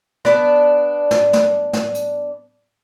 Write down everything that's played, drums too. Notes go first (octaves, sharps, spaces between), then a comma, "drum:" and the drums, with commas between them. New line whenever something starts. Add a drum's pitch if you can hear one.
B3 D4 D5, drum: rim click
drum: snare
drum: snare
drum: snare
drum: hi-hat